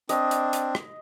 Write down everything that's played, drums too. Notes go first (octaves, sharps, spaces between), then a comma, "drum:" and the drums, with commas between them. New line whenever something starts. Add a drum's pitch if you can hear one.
C4 D4 D#5, drum: hi-hat
drum: hi-hat
drum: hi-hat
drum: rim click